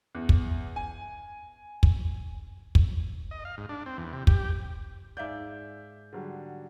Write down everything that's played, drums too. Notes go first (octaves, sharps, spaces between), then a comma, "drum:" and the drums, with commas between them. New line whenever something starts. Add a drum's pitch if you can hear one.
E2
drum: kick
G#5
drum: kick
drum: kick
D#5
F5
G#2
D4
C4
E2
C3
G4, drum: kick
G#2 D5 E5 F5 G6
D3 F#3 G3